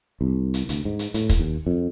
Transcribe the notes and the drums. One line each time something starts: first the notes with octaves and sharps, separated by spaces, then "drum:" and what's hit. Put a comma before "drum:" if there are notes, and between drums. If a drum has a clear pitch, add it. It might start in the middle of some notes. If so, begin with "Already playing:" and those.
C2
drum: hi-hat
D2, drum: hi-hat
G#2
drum: hi-hat
A2, drum: hi-hat
drum: kick, hi-hat
D#2
F2